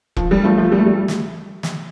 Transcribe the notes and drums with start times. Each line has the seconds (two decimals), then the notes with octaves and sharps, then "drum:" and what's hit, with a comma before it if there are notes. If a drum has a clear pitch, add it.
0.16 F3, drum: kick E1
0.31 G3
0.44 F3 A3
0.57 F3 A3
0.72 G3
0.79 A3
0.87 G3
1.08 drum: snare
1.63 drum: snare